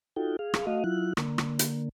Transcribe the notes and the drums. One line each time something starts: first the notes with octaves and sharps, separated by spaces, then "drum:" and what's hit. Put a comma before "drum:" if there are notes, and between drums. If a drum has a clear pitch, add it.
D#4 F4 F#4 A4 G5
G#4 F5
drum: rim click
A3 F#4 D#5 F5
F#3 E4 F4 F#6
D3 A#3, drum: rim click
drum: rim click
drum: hi-hat